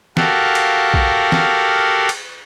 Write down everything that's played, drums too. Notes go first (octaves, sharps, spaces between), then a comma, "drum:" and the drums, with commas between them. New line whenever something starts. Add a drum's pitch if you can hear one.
F#4 G4 A4 A#4 F5 F#5, drum: snare
drum: cymbal
drum: kick
drum: snare
drum: cymbal